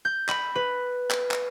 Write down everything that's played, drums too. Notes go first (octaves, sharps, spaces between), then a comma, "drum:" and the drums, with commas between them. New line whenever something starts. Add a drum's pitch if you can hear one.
G6
B5, drum: clap
B4
drum: clap
drum: clap